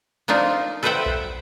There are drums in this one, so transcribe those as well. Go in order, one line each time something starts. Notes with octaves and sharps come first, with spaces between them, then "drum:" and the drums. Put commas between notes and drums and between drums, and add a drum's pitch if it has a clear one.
F3 A#3 D4 D#4 F4
A4 B4 C5 E5 F#5 G5
drum: kick B1